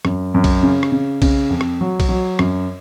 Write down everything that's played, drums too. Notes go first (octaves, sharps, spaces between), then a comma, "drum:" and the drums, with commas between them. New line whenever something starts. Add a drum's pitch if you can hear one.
F#2, drum: rim click
F#2
drum: kick B1, cymbal
C#3
drum: rim click
C#3
C#3, drum: kick B1, cymbal
F2
drum: rim click
F#3
drum: kick B1, cymbal
F#3
F#2, drum: rim click